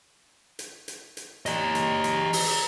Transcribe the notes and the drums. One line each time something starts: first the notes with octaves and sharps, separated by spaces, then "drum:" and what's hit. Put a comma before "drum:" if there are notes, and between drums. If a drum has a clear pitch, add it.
drum: hi-hat
drum: hi-hat
drum: hi-hat
G4 D5 D#5 A#5, drum: hi-hat
drum: hi-hat
drum: hi-hat
drum: open hi-hat